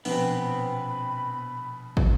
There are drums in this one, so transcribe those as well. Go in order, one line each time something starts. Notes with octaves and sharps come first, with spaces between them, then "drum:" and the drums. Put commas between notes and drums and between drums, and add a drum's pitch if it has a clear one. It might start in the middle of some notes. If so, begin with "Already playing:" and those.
A#1 B2 B3 C4 B5, drum: open hi-hat
drum: kick